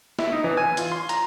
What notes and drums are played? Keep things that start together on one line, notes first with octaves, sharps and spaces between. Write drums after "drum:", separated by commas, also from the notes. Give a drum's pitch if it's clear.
E4, drum: snare
D#4
E3
G#5
F4, drum: hi-hat
C6
A#5, drum: hi-hat